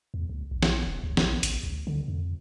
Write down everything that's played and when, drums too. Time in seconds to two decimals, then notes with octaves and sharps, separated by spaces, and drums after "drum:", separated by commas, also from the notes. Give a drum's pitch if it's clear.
0.14 E2
0.29 D2
0.51 A#1
0.63 drum: snare
0.87 D#1
1.03 D2
1.17 A#1, drum: snare
1.43 A1, drum: hi-hat
1.63 D2
1.87 D3
2.08 F2